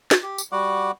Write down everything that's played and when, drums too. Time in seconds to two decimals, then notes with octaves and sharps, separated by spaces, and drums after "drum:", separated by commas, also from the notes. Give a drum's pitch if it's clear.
0.11 drum: snare
0.23 G4
0.38 drum: tambourine
0.52 G3 F#4 F#5 D6